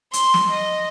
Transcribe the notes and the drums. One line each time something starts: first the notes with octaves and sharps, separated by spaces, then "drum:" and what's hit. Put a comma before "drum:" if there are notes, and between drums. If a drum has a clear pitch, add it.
C6, drum: hi-hat
drum: snare
D#5